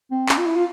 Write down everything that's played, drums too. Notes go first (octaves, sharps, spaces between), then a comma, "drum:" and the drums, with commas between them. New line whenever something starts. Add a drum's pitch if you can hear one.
C4
C#4, drum: clap
F4
E4
F4